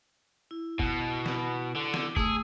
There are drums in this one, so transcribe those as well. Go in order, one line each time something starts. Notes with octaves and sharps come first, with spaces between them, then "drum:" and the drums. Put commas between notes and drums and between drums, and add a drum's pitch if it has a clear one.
E4
B2, drum: kick
drum: snare
D3
drum: snare
A3 G#4 D#6 E6, drum: kick